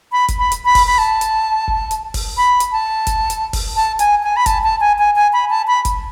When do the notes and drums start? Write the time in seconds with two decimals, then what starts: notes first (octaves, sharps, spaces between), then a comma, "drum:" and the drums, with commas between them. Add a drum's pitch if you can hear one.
0.12 B5
0.29 drum: kick, hi-hat
0.39 B5
0.52 drum: hi-hat
0.65 B5
0.75 drum: kick, open hi-hat
0.87 B5
0.98 A5
1.21 drum: hi-hat
1.68 drum: kick
1.91 drum: hi-hat
2.14 drum: kick, open hi-hat
2.37 B5
2.60 drum: hi-hat
2.72 A5
3.07 drum: kick, hi-hat
3.30 drum: hi-hat
3.53 drum: kick, open hi-hat
3.76 A5
3.99 G#5, drum: hi-hat
4.23 G#5
4.36 B5
4.46 A5, drum: kick, hi-hat
4.64 A5
4.80 G#5
4.98 G#5
5.16 G#5
5.33 B5
5.50 A5
5.68 B5
5.85 drum: kick, hi-hat